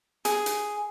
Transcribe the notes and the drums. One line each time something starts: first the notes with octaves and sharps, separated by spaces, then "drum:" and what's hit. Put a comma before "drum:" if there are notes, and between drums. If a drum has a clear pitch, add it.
G#4, drum: hi-hat
drum: hi-hat